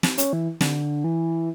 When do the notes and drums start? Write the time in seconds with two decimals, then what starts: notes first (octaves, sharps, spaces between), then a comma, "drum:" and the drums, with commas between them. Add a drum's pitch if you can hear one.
0.03 drum: snare
0.18 C#4, drum: hi-hat
0.33 E3
0.61 D3, drum: snare
1.04 E3